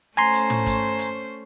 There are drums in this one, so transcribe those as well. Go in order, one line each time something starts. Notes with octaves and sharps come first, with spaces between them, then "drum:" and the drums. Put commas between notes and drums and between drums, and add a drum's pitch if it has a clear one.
A3 C#4 C5 G#5 A#5 C6
drum: hi-hat
drum: tom
drum: kick, hi-hat
drum: hi-hat